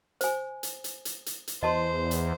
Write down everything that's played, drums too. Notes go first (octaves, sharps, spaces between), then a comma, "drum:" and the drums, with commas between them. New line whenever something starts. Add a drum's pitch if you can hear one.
C5 G#5, drum: hi-hat
drum: hi-hat
drum: hi-hat
drum: hi-hat
drum: hi-hat
drum: hi-hat
E2 C5 D#5 A5 C6
drum: hi-hat